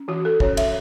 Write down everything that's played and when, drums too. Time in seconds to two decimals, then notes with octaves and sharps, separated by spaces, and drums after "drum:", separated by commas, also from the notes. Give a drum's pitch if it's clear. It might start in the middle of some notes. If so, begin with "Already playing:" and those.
Already playing: C#4
0.08 E3 F#4
0.25 A4
0.40 C#4 C#5, drum: kick
0.57 E5, drum: cymbal